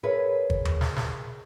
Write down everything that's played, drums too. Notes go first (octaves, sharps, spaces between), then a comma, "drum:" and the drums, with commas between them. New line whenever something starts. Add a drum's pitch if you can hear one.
G#4 A#4 B4 C#5 E5
drum: kick G1
drum: tom D#2
drum: snare
drum: snare